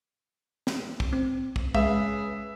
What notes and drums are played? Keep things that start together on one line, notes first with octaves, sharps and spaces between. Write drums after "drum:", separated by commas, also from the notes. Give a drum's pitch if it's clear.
drum: snare
drum: kick
C4
drum: kick
C#3 G#3 G#4 B4 E5, drum: kick